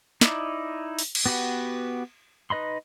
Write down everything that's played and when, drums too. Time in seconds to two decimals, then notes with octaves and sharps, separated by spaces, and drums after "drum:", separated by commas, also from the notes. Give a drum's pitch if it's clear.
0.21 D#4 E4 D5, drum: snare
0.99 drum: open hi-hat
1.15 drum: cymbal
1.26 B3 F#4 G4 B4 F#5
2.50 D#4 B4 D#5 B5 C6